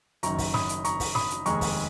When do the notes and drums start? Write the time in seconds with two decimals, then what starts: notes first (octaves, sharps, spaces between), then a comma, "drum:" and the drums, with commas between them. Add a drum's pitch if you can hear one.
0.23 F#1 F#2 D#3 A#5 C#6, drum: hi-hat
0.38 drum: kick, open hi-hat
0.54 B5 D#6, drum: snare
0.69 drum: hi-hat
0.85 A#5 C#6, drum: hi-hat
1.00 drum: kick, open hi-hat
1.15 B5 D#6, drum: snare
1.30 drum: hi-hat
1.46 F1 D#2 D#3 G#3 A#5 C#6, drum: hi-hat
1.61 drum: kick, open hi-hat